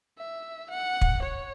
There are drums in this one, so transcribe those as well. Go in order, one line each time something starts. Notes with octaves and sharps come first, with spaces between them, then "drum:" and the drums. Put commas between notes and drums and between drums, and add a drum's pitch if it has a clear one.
E5
F#5
drum: kick
C#5